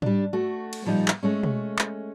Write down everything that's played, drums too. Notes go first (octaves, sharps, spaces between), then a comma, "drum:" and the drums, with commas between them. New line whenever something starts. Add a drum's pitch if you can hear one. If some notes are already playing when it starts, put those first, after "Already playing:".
G3 D4, drum: tom G#2
A3 F#4
drum: cymbal
A#2 F3 G3 D#4
drum: clap
G#3 A3 C#4
drum: tom B2
drum: clap